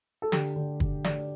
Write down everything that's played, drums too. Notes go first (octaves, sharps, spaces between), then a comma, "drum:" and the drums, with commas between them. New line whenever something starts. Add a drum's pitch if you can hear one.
A4
D3 G4, drum: snare
D3
D3, drum: kick
D3 D5, drum: snare